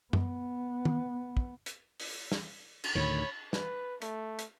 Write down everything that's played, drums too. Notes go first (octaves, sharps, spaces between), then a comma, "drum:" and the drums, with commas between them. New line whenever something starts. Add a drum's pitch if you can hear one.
B3, drum: tom F#2
drum: tom
drum: kick
drum: hi-hat
drum: open hi-hat
drum: snare
drum: cymbal
D2 A2 D#3 C#5 B5
B4, drum: snare
A3, drum: hi-hat
drum: hi-hat